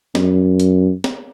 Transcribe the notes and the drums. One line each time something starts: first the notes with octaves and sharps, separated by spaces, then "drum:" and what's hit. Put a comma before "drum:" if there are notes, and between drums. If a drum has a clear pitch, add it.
F#2, drum: snare
drum: hi-hat
drum: snare